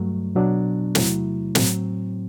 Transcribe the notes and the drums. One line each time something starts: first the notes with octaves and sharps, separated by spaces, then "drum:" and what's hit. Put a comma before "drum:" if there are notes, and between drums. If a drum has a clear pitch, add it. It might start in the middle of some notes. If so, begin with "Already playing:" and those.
Already playing: G2 F#3 A3
B2 F#3 B3 D4
E2 C3 F#3 A3 E4, drum: snare
A2 F#3 C4, drum: snare